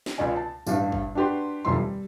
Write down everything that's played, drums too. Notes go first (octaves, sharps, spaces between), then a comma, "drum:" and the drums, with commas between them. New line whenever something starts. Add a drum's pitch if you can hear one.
drum: snare
C#2 C#3 F4 D5 G#5
A5
A1 G2 G3 D4 F5, drum: tambourine
drum: kick
D4 F#4 G4 B4 C6
F1 D#2 F3 G3 E5 C6
G3